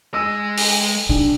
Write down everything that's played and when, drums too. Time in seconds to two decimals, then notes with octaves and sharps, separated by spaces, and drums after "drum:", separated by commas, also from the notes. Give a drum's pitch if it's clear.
0.14 G#3 D#5 E6
0.58 drum: open hi-hat
1.09 C3 F#3 D4